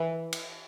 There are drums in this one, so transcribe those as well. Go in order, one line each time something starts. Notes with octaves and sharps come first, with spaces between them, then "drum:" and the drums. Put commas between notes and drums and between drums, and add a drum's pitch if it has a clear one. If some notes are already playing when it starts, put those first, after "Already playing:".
Already playing: E3
drum: cymbal